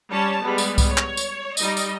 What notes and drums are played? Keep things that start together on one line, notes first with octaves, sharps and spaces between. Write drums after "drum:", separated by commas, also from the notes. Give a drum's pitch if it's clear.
G3 C#4 C#5 A5
G3 G#3 B3
drum: tambourine
drum: kick C2, tambourine
C#5
drum: clap
drum: tambourine
G3 D#4 D#5, drum: tambourine
drum: tambourine